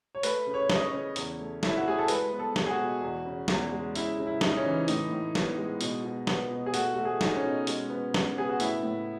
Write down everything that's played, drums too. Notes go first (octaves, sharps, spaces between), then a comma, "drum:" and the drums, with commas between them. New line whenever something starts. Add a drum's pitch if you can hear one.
C#5
A3 B4, drum: hi-hat
C#3
C#5
C#3, drum: snare
D#5
C#5
C#3
E2, drum: hi-hat
A3
A3 E4, drum: snare
F#4
A3 G#4
A4
G#3 B4, drum: hi-hat
B3
A4
G#3, drum: snare
G#4
F#4
B2
E2
C#3
E2, drum: snare
G#3
C#3 E4, drum: hi-hat
C#3
E4
C#3 D#4, drum: snare
C#4
E3
A2 D#4, drum: hi-hat
A2
B3, drum: snare
G#3
B2, drum: hi-hat
B2
B3, drum: snare
B2
G#4
A3 F#4, drum: hi-hat
A3 F#4
G#4
A3 D#4, drum: snare
C#4
B2
G#3, drum: hi-hat
B3
C#3, drum: snare
B3 G#4
F#4
A2 E4, drum: hi-hat
A2